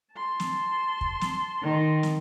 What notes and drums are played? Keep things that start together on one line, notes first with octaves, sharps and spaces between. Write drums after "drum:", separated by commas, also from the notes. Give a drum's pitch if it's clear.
A5 C6
drum: snare
drum: kick
drum: snare
D#3
drum: snare